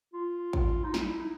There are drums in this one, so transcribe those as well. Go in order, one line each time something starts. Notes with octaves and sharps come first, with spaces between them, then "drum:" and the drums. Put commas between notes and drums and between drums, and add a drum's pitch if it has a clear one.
F4
drum: kick A1
D#4
E4, drum: snare
D#4